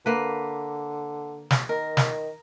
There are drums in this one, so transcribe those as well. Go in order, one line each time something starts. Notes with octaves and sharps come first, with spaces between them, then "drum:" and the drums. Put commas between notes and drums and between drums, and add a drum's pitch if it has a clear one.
D3 A#3 B4
drum: snare
D#3 A#4
drum: snare